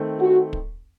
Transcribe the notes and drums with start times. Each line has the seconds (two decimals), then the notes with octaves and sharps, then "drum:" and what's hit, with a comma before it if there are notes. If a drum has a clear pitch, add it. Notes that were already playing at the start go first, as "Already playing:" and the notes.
Already playing: D#3 A3 C4
0.20 F#4
0.53 drum: kick